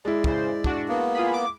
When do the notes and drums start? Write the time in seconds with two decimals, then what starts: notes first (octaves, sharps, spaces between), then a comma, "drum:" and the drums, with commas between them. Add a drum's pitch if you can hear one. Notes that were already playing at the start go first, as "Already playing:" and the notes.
0.05 G#3 E4 D5
0.24 C#3 C5, drum: kick
0.64 D4 F#4, drum: kick
0.88 A#3 B3
1.15 F4 G#4 B5
1.34 D6